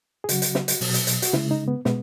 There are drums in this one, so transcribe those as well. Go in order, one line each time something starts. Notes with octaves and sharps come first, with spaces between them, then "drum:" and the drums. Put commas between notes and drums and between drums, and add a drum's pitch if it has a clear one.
G#4
C#3 F#3 F#4, drum: hi-hat
drum: hi-hat
drum: snare
drum: hi-hat
B2 F#3, drum: open hi-hat
drum: hi-hat
drum: hi-hat
F#4, drum: hi-hat
C#3 G#3 E4, drum: snare
D#4
B3
B2 G#3 B3, drum: snare